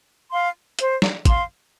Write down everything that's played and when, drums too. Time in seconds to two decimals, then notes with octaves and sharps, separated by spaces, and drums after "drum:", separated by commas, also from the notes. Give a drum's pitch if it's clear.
0.32 F5 C6
0.79 C5, drum: hi-hat
1.02 drum: snare
1.25 F5 C6, drum: kick, hi-hat